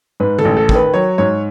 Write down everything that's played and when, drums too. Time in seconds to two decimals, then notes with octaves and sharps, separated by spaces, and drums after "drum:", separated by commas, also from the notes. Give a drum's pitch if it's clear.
0.20 G#2 B4
0.39 A4, drum: tom D3
0.45 A1
0.57 A4
0.69 D#3, drum: kick
0.75 B4
0.94 F#3 C#5
1.18 G#2 C#5